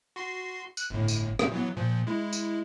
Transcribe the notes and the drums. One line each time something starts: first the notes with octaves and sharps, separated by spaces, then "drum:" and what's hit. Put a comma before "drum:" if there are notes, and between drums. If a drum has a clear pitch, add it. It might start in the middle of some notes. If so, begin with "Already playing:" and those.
F#4 C6 C7
F#6, drum: tambourine
G1 A2
drum: tambourine
drum: rim click
E3 F#3 B3
A#2 F3
G#3 E4
drum: tambourine